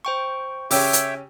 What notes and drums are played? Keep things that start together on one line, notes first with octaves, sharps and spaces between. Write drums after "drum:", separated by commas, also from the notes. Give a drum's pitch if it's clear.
C5 G5 C#6
C#3 C#4 G4 C#5 E5 G5 D6 E6, drum: open hi-hat
drum: hi-hat